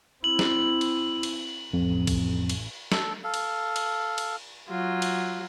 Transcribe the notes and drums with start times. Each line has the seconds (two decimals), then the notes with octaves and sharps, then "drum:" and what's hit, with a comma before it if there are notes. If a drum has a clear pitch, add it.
0.24 C4 E4 F#7
0.39 drum: snare
0.81 drum: cymbal
1.23 drum: cymbal
1.73 A1 F2
2.07 drum: kick B1, cymbal
2.49 drum: cymbal
2.92 A4, drum: snare
3.24 A4 F5
3.34 drum: cymbal
3.76 drum: cymbal
4.18 drum: cymbal
4.69 F#3 F4
5.02 drum: cymbal